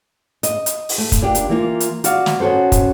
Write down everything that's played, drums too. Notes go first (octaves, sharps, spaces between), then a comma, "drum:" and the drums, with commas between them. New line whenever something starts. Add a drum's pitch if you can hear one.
D#5, drum: hi-hat
drum: hi-hat
drum: open hi-hat
A3
drum: kick, hi-hat
A#3 D4 F4 G4
drum: hi-hat
E3 A#3 F4
drum: hi-hat
F#4 D5 F5, drum: hi-hat
drum: snare
B3 C#4 F#4 A4 C5
drum: kick, hi-hat